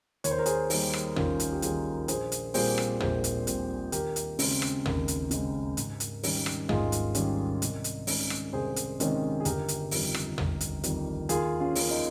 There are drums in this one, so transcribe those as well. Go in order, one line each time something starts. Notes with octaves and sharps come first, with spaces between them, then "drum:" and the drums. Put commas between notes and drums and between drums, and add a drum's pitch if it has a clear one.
D#2 C#5, drum: hi-hat
C5
A#4
G#4 C5, drum: hi-hat
D#3 G3 A#3, drum: open hi-hat
drum: rim click
D#2 C#4 F4, drum: tom
drum: hi-hat
G4
D#3 G3 A#3 F4 G#4, drum: hi-hat
A#1 G#4 C5, drum: hi-hat
drum: hi-hat
A#2 G3 C4 G#4 C5, drum: open hi-hat
drum: rim click
A#1 G#4 C5, drum: tom
drum: hi-hat
A#2 G3 C4, drum: hi-hat
D#2 G4 A#4, drum: hi-hat
drum: hi-hat
C#3 G#3 C4, drum: open hi-hat
drum: rim click
D#2, drum: tom
drum: hi-hat
C#3 G#3 C4, drum: hi-hat
G#2, drum: hi-hat
drum: hi-hat
D#3 G3 C#4, drum: open hi-hat
drum: rim click
G#2 F4 G#4, drum: tom
drum: hi-hat
D#3 G3 C#4, drum: hi-hat
C2, drum: hi-hat
drum: hi-hat
C3 D#3 G#3 C#4, drum: open hi-hat
drum: rim click
C2 G#4 C5
drum: hi-hat
C3 D#3 G#3 C#4, drum: hi-hat
G#4
G1 G4 A#4, drum: hi-hat
drum: hi-hat
F2 D#3 G3, drum: open hi-hat
drum: rim click
G1, drum: tom
drum: hi-hat
F2 D#3 G3, drum: hi-hat
D#2 F4 G#4, drum: hi-hat
C#4 F4
D#3 A#3 C#4, drum: open hi-hat
D#4